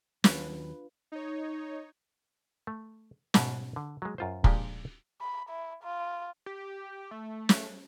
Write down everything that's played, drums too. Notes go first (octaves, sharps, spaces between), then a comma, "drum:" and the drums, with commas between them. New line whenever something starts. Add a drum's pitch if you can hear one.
D#2 F#3 D4 F4 B4, drum: snare
D#4 C#5
A3
G#2 B2 E5, drum: snare
D3
F#3 G#3
F#2 F4 C5
A#2 F3 G#3 D4 G4, drum: kick
B5
E4
F4
G4
A3
drum: snare